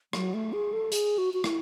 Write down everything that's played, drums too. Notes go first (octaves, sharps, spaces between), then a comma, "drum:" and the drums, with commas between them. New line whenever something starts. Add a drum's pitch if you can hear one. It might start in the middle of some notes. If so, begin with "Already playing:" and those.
F#3, drum: rim click
A3
G#4
A4
G#4, drum: hi-hat
F#4
F#4
E4, drum: rim click